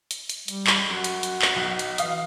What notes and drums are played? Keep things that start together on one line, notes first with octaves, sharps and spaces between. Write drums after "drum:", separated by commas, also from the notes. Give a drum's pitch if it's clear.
drum: hi-hat
drum: hi-hat
G3, drum: hi-hat
drum: clap
F#2 F#4
drum: hi-hat
drum: hi-hat
drum: clap
B1 B6
drum: hi-hat
E3 F5 D#6, drum: hi-hat